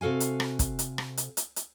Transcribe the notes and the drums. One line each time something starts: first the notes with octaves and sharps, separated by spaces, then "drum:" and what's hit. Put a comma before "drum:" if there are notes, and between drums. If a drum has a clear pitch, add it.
C3 F#4 A4 F5 G#5
drum: hi-hat
drum: rim click
drum: kick, hi-hat
drum: hi-hat
drum: rim click
drum: hi-hat
drum: hi-hat
drum: hi-hat